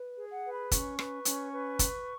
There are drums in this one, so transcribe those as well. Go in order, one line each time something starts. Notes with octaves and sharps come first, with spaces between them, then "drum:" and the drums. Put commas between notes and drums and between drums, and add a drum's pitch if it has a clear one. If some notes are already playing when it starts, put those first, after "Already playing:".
Already playing: B4
G#4
F#5
B4
B5
C#4 C#6, drum: kick, hi-hat
B4, drum: rim click
C#4, drum: hi-hat
B4
drum: kick, hi-hat